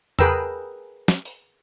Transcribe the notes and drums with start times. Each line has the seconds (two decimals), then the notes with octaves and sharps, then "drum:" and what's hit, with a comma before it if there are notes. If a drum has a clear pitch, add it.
0.19 G#4 A#4 B4 G5 A#5 E6, drum: tom E2
1.08 drum: snare
1.25 drum: open hi-hat